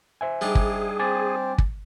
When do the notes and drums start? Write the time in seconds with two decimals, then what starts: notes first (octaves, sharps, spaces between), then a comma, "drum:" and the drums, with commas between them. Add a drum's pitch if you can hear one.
0.21 C5 E5 G#5
0.41 G3 D4 D#4 G#4
0.55 drum: kick
0.99 C4 C5 G#5 D6 A6
1.58 drum: kick